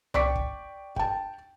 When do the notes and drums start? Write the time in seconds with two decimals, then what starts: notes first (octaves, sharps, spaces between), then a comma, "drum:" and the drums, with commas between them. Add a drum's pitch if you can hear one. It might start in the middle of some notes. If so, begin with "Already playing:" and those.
0.14 D5 G5 C#6 D6 B6, drum: tom C2
0.36 drum: kick
0.96 G5 A5, drum: kick